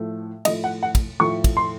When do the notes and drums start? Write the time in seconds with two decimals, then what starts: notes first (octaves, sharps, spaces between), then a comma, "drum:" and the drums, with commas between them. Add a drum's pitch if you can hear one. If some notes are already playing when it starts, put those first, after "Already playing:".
Already playing: A2 F3 A3
0.45 A2 F3 A3 D#5, drum: cymbal
0.64 F#5
0.83 F#5
0.95 drum: kick, cymbal
1.20 A2 F3 A3 C#6
1.44 drum: kick, cymbal
1.57 C6